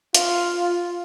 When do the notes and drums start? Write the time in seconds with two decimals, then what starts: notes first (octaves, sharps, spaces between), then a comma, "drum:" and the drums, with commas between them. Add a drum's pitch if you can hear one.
0.15 F4, drum: hi-hat